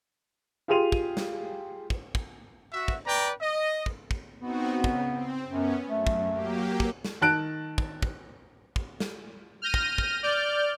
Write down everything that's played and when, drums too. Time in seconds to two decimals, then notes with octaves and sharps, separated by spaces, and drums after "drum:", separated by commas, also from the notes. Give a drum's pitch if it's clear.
0.68 F4 G4 G#4 C6 D#7 F7
0.92 drum: kick
1.17 drum: snare
1.90 drum: kick
2.15 drum: kick
2.73 F#4 E5
2.88 drum: kick
3.06 B4 D5 G5 A#5
3.41 D#5
3.86 drum: kick
4.11 drum: kick
4.41 B3 C4 D#4 F#4
4.72 C#3
4.84 drum: kick
5.12 C4
5.49 F#2 B3 C#4
5.89 F#2 A3
6.07 drum: kick
6.31 F#3 A#3 G4
6.80 drum: kick
7.05 drum: snare
7.21 D#3 A5 F#6 D7
7.78 drum: kick
8.02 drum: kick
8.76 drum: kick
9.00 drum: snare
9.62 F6 G6 A#6 D#7
9.74 drum: kick
9.98 drum: kick
10.23 D5 F6 G6